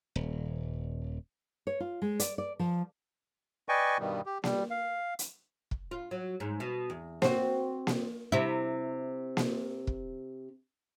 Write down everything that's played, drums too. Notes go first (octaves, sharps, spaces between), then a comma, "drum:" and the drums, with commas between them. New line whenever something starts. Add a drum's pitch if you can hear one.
D#1
C#5
F4
G#3
D5, drum: hi-hat
D5
F3
B4 D5 D#5 G5 G#5 C#6
G2 B2 D#3 G3
G4
G3, drum: snare A#3
F5
drum: hi-hat
drum: kick
F4
F#3
G#2
B2
E2
C4 F#4, drum: snare A#3
drum: snare A#3
C3 E4
drum: snare A#3
drum: kick